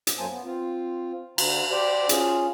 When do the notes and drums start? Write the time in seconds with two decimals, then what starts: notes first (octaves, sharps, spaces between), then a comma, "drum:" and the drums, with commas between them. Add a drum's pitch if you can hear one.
0.07 drum: hi-hat
0.18 F#2 F#3 A#3 C5 G#5 A5
0.30 B3
0.45 C4 F4
1.38 D3 A#5, drum: cymbal
1.71 G4 C5 D5
2.09 C#4 F4 G#4, drum: hi-hat